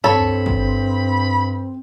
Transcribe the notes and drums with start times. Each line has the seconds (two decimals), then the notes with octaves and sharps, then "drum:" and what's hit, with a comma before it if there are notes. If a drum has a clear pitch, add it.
0.04 G2 C4 A4 C#5 B5, drum: tom
0.46 drum: kick